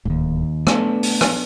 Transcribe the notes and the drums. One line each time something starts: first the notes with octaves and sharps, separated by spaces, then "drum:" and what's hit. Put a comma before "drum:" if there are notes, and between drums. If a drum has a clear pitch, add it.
D1 D#2 G#2
A3 B3 D4 A4, drum: rim click
drum: open hi-hat
drum: rim click